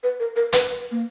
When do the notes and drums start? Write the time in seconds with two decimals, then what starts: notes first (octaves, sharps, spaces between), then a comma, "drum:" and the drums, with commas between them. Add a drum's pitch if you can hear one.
0.03 B4
0.20 A#4
0.36 A#4
0.52 B4, drum: hi-hat
0.70 B4
0.91 A#3